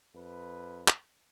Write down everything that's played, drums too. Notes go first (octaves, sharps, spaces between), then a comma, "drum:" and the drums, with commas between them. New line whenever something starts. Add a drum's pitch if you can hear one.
F2 B4
drum: clap